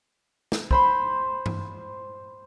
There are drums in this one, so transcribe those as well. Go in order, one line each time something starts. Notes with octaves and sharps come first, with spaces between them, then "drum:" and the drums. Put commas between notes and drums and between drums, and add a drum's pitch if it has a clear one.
drum: snare
C5 B5 C6, drum: kick
drum: tom G2